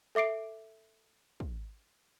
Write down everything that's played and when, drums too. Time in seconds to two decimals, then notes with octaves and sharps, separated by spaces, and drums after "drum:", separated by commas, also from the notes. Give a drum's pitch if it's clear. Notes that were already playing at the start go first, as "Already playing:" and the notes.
0.15 A4 E5 D6 C7 D7
1.40 drum: kick